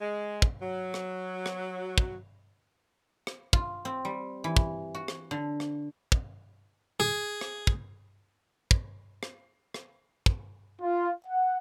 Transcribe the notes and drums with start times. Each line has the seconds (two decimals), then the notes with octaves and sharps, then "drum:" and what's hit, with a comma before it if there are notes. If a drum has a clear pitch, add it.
0.01 G#3
0.42 drum: kick
0.62 F#3
0.94 drum: rim click
1.46 drum: rim click
1.98 drum: kick
3.27 drum: rim click
3.53 F4, drum: kick
3.85 C4
4.05 G3
4.44 E3
4.57 drum: kick
4.95 F#4
5.08 drum: rim click
5.31 D3
5.60 drum: rim click
6.12 drum: kick
7.00 G#4
7.41 drum: rim click
7.67 drum: kick
8.71 drum: kick
9.23 drum: rim click
9.74 drum: rim click
10.26 drum: kick
10.82 F4
11.27 F#5